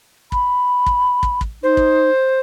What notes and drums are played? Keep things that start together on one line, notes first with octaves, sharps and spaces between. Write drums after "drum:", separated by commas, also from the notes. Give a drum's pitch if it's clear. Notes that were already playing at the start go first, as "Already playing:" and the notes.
B5, drum: kick
drum: kick
drum: kick
drum: kick
D#4 C5
drum: kick